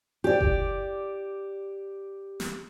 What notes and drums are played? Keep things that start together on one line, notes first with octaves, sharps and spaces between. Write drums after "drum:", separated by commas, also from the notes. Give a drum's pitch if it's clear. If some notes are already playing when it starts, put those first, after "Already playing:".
G4 D5
drum: kick F#1
drum: snare